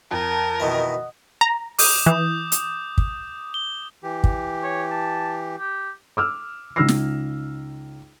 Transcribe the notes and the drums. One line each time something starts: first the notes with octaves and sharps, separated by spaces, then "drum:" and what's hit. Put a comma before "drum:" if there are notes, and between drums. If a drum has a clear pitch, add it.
F2 A#4 A5
B2 D#3 E3 D#5 F#5
A#5
D6 D#6 G6, drum: open hi-hat
E3
drum: hi-hat
drum: kick
G7
E3 G4
drum: kick
C#5
A5
G4
D6 E6 F6
C#2 D#4 E6 F6 A#6 C7
drum: snare